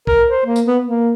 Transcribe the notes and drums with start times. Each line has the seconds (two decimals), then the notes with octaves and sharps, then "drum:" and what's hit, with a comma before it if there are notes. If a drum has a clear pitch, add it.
0.07 A#4, drum: kick B1
0.30 C5
0.46 A#3
0.56 drum: tambourine
0.66 B3
0.84 A#3